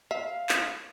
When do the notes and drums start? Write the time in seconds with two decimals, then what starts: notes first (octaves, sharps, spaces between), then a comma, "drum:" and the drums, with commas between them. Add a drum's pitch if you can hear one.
0.11 E5 F5
0.49 drum: clap